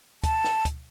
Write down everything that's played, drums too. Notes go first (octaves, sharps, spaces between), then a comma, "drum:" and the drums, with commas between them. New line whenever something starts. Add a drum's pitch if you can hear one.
A5, drum: kick, hi-hat
drum: snare
drum: kick, hi-hat